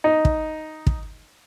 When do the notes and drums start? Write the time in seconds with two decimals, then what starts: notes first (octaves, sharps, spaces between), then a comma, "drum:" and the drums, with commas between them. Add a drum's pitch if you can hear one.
0.04 D#4
0.25 drum: kick
0.87 drum: kick